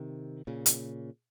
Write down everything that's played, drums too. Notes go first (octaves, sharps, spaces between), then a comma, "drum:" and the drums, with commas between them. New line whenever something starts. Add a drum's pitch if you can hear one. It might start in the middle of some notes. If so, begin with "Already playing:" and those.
Already playing: C3 D#3
A#2 C#3
drum: hi-hat